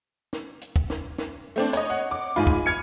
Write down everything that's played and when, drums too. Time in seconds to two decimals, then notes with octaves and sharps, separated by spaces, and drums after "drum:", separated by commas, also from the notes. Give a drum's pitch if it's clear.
0.33 drum: snare
0.61 drum: hi-hat
0.76 drum: kick
0.90 drum: snare
1.18 drum: snare
1.56 A3 C4 D4
1.73 C#5 D#5, drum: hi-hat
1.90 F#5
2.11 D6
2.36 G#2 F4 G#5 B5
2.47 drum: kick
2.66 F6 G#6 C#7